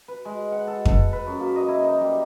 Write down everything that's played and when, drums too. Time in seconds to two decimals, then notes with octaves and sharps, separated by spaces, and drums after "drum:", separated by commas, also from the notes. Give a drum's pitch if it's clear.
0.08 B4
0.25 G#3
0.52 F#5
0.67 A4
0.85 A4, drum: kick F2
1.13 B4
1.27 F#2
1.40 A#3
1.56 D#5
1.68 E4
1.84 D#4
2.01 G3